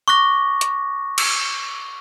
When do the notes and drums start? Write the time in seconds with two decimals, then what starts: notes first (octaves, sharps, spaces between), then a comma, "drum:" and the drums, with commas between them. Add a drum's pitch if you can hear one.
0.08 C#6 D6 F#6 A#6
0.61 drum: hi-hat
1.18 drum: cymbal